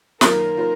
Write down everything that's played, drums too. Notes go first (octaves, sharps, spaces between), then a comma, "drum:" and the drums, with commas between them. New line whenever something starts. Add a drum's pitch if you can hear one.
F#2 D#3 A#3 F4 A#4 C5, drum: snare
D#3 A#3 F4 C5